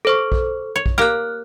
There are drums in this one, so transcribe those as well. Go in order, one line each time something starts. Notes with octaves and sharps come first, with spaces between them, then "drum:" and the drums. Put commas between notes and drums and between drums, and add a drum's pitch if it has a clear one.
A4 C5 C#6
drum: kick A#1
C#5
drum: kick A#1
A#3 G4 F6 F#6